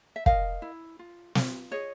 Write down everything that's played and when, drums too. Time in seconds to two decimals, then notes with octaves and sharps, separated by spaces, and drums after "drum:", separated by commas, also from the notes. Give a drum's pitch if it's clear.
0.16 E5
0.26 A#4 D#5 F5, drum: kick
0.62 E4
0.99 F4
1.35 F4, drum: snare
1.71 G#4 C#5 D#5